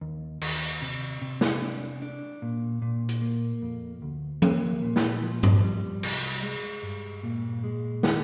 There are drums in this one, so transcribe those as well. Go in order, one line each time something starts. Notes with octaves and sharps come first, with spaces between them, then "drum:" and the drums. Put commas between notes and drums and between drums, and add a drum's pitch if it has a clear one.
D#2
D#2, drum: cymbal
C3
C3
drum: snare
D4
D4
A#2
A#2
drum: hi-hat
A#3
F2
D2
A#3, drum: tom F3
A#2
drum: snare
F3
drum: tom G2
G3
C2, drum: cymbal
G#3
G2
A#2
G#3
D#3, drum: snare